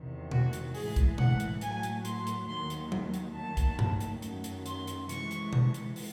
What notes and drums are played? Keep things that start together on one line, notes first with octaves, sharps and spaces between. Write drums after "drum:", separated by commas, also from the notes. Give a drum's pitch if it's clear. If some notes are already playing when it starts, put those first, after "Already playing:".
Already playing: E2 C3 D#3
F#4, drum: tom
drum: hi-hat
A2 E3 G#3 G#4, drum: open hi-hat
drum: kick, hi-hat
F#5, drum: tom
drum: hi-hat
A2 F#3 A3 G#5, drum: hi-hat
drum: hi-hat
C6, drum: hi-hat
drum: hi-hat
D#2 D#3 F#3 C6
drum: hi-hat
drum: tom
drum: hi-hat
D#2 D#3 F#3 A3 A5
drum: kick, hi-hat
drum: tom
drum: hi-hat
F#2 D#3 F#3 A3, drum: hi-hat
drum: hi-hat
C6, drum: hi-hat
drum: hi-hat
C3 E3 G#3 C#6, drum: hi-hat
drum: hi-hat
drum: tom
drum: hi-hat
drum: open hi-hat